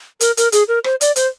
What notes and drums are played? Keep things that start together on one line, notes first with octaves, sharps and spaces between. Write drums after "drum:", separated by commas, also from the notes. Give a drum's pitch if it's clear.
A#4, drum: hi-hat
A#4, drum: hi-hat
G#4, drum: hi-hat
A#4
C5, drum: rim click
D5, drum: hi-hat
C5, drum: hi-hat